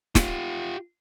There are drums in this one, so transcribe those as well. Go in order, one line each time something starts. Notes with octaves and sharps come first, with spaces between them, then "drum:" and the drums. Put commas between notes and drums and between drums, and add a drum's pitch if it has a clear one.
F4 G4, drum: snare